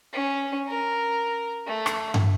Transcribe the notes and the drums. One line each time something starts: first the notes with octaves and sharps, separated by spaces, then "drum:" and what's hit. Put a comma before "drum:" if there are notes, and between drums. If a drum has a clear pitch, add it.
C#4
A#4
A3
drum: rim click
drum: tom G2